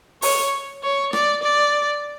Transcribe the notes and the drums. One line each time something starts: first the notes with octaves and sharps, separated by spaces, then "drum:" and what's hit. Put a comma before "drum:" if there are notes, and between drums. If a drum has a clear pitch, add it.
C#5, drum: open hi-hat
C#5
D5, drum: rim click
D5